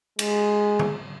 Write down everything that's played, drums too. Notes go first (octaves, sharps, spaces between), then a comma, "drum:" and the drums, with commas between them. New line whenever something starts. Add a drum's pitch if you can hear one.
G#3, drum: cymbal
drum: tom D3